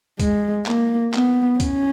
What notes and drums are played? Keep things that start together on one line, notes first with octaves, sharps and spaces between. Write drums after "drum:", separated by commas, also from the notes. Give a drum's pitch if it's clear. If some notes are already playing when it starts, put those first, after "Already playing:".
G#3, drum: kick, hi-hat
A#3, drum: clap
B3, drum: clap
C#4, drum: kick, hi-hat